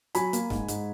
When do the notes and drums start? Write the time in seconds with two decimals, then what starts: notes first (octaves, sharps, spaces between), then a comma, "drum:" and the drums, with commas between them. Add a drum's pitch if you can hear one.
0.15 F#3 G#5 B5, drum: hi-hat
0.33 A#3, drum: hi-hat
0.50 G#2, drum: snare
0.68 G#2, drum: hi-hat